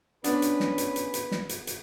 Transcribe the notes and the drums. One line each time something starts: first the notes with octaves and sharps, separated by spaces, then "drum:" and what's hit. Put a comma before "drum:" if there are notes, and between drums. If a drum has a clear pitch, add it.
B3 C#4 D4 B4, drum: hi-hat
drum: hi-hat
drum: snare
drum: hi-hat
drum: hi-hat
drum: hi-hat
drum: snare
drum: hi-hat
drum: hi-hat